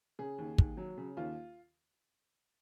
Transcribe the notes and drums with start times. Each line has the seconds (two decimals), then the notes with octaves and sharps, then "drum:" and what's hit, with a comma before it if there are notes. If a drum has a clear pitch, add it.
0.19 C#3 G#4
0.38 D#2
0.58 D#2, drum: kick
0.77 F#3
0.98 C#3
1.17 D#2 F4